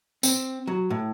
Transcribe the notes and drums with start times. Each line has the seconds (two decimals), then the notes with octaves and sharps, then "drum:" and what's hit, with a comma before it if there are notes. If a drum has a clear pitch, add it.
0.23 C4, drum: tambourine
0.67 F#3
0.90 A2